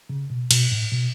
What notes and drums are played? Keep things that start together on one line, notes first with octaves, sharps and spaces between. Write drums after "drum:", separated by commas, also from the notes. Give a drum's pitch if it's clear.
C#3
B2
B2, drum: cymbal
A2
B2